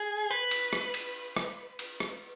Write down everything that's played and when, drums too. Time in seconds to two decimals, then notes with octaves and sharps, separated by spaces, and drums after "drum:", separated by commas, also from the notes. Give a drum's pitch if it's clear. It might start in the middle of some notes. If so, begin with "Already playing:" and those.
Already playing: G#4
0.31 B4
0.51 drum: cymbal
0.73 drum: rim click
0.94 drum: cymbal
1.36 drum: rim click
1.79 drum: cymbal
2.00 drum: rim click